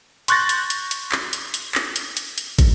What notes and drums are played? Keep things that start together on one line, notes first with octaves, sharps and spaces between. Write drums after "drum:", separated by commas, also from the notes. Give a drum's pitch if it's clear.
C6 C#6 F#6 G6 A6 A#6, drum: hi-hat
drum: hi-hat
drum: hi-hat
drum: hi-hat
drum: clap
drum: hi-hat
drum: hi-hat
drum: clap
drum: hi-hat
drum: hi-hat
drum: hi-hat
drum: kick, hi-hat